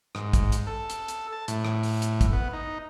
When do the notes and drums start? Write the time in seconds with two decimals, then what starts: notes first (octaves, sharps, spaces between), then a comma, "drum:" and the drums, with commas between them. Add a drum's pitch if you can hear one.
0.15 G#2, drum: rim click
0.33 drum: kick, hi-hat
0.52 drum: hi-hat
0.67 A4
0.90 drum: hi-hat
1.08 drum: hi-hat
1.32 A5
1.48 A2, drum: hi-hat
1.65 drum: rim click
1.83 drum: open hi-hat
2.02 drum: hi-hat
2.21 drum: kick, hi-hat
2.33 B3
2.53 D#4